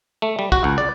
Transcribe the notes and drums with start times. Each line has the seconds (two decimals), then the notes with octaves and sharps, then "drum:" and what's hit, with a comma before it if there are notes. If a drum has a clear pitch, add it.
0.22 A3
0.39 G3
0.52 F#4, drum: kick
0.64 C#2
0.78 D5